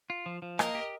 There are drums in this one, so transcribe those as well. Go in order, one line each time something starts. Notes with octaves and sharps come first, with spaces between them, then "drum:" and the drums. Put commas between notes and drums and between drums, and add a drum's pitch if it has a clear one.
F4
F3
F3
A#3 A#4 D#5, drum: rim click
G4